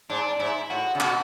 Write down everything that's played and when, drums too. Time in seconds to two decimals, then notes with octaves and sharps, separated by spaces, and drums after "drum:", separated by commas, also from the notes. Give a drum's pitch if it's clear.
0.10 G#2 D4
0.39 G#2 E4
0.70 A2 F#4
0.95 C#3
1.00 B2 F#4, drum: clap